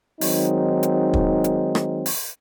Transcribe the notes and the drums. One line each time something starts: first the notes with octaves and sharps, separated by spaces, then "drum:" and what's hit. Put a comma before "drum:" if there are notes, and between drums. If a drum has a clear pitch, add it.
D#3 F#3 G#3 C4 D#4, drum: open hi-hat
drum: hi-hat
drum: kick
drum: hi-hat
drum: rim click
drum: open hi-hat